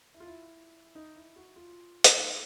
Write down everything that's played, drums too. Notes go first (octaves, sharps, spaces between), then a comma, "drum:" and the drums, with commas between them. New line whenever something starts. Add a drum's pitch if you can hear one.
E4
F4
E4
D#4
E4
F#4
F4
D4, drum: hi-hat
D#4